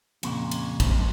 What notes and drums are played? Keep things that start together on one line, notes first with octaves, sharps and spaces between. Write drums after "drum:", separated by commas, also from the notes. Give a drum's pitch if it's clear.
F2 A#2 C#3, drum: cymbal
drum: cymbal
drum: kick, cymbal